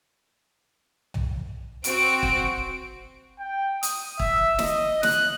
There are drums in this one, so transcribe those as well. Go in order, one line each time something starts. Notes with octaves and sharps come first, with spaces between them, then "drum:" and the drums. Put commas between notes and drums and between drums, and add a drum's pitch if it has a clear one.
drum: tom
C4 F#4 D7, drum: hi-hat
drum: kick
G5
D#6, drum: hi-hat
E5, drum: kick
D#5, drum: snare
F#6, drum: snare